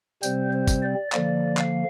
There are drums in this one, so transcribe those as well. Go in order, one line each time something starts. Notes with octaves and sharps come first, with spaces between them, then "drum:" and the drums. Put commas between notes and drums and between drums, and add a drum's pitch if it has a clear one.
C3 G3 C4 C5, drum: tambourine
C5
drum: kick, tambourine
D5
D3 F3 A#3 D5, drum: clap
F5, drum: clap